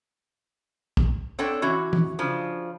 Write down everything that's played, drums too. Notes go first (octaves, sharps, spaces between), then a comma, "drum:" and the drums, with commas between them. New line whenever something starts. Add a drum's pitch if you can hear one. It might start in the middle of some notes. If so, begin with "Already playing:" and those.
drum: kick
C4 D4 A4 C#5 F#5 G5
E3 C#4 F#4
drum: tom
C#3 F3 D4